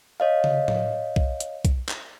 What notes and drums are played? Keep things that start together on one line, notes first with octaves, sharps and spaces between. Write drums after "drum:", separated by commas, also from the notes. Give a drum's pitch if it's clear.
C#5 D#5 F5
drum: tom C#3
drum: tom A2
drum: kick
drum: hi-hat
drum: kick, hi-hat
drum: clap